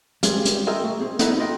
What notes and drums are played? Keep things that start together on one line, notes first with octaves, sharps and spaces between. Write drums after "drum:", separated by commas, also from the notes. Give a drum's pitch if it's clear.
G3 G#3 G#4, drum: hi-hat
drum: hi-hat
F4 G#4 A#4 D#5 E5 G5
A3
C4 G#4
B3 D#4 E4 A4 B4 D#5, drum: hi-hat
F4 D#5 G5